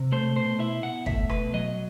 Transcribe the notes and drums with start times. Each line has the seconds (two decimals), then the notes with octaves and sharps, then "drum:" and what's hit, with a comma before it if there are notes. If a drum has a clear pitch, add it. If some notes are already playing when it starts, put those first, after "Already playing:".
Already playing: C3
0.12 A3 C5
0.36 B2 C5
0.59 E4 E5
0.83 B2 F#5
1.06 A3 E5, drum: kick
1.29 B2 B4, drum: rim click
1.54 F#3 D#5